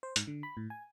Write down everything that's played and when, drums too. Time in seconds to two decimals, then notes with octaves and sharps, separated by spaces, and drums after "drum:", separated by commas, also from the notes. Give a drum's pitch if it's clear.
0.03 C5
0.16 G#2, drum: hi-hat
0.27 D3
0.43 B5
0.57 A2
0.70 G#5